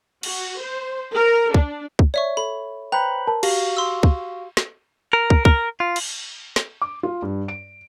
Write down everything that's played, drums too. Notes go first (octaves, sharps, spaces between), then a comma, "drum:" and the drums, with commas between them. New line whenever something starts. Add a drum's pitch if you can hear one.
F#4, drum: cymbal
C5
A#4
D4, drum: kick
drum: kick
C#5 D5 E5 C#6
A4 B5
B4 C5 G5 A#5 B5 F#6
A#4 A5
F#4 G4 F5 A#6, drum: cymbal
C6 E6
drum: kick
drum: snare
A#4
drum: kick
A#4, drum: kick
F4
drum: cymbal
drum: snare
D6
F4
G2
D7